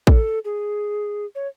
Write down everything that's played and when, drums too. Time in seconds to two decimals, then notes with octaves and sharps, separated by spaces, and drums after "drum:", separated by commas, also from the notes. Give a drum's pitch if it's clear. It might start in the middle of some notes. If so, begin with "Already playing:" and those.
0.07 A4, drum: kick
0.45 G#4
1.35 C#5